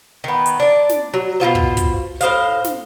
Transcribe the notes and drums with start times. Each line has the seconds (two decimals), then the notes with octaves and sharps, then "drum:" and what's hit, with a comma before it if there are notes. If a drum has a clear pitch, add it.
0.24 D#3 B3
0.46 drum: hi-hat
0.60 D4 D5
0.89 drum: snare
1.14 F#3
1.40 B2 E4 F4 C5
1.55 drum: kick
1.77 drum: kick, hi-hat
2.21 A2 C5 D#5 F5, drum: hi-hat
2.64 drum: snare